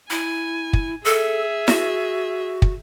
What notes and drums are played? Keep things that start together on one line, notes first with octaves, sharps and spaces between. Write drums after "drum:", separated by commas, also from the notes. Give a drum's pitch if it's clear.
E4 G#5
drum: kick
G#4 A4 E5
F#4, drum: snare E4
drum: kick